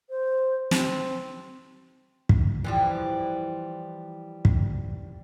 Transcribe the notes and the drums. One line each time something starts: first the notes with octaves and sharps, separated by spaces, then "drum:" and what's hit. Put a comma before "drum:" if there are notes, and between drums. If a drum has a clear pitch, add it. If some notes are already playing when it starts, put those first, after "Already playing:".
C5
C4, drum: snare
drum: kick
E3 F3 G3
drum: kick